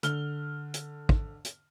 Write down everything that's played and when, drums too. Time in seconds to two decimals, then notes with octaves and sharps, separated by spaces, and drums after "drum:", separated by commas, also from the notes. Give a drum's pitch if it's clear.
0.03 D3 F6 G7, drum: hi-hat
0.74 drum: hi-hat
1.09 drum: kick
1.45 drum: hi-hat